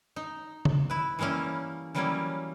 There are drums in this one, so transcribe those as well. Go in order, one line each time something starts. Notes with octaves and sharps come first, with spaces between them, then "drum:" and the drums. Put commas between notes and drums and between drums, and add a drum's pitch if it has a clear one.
D#4
drum: tom C#3
E4 B4
E3 G3 A#3 C#4 E4
E3 F#3 G3 A#3 C#4 E4